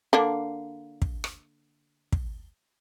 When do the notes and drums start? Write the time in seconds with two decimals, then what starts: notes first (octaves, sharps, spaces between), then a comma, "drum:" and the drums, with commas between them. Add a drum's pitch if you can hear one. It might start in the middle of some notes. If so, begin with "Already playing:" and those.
0.13 D3 A#3 D4
1.02 drum: kick
1.24 drum: rim click
2.13 drum: kick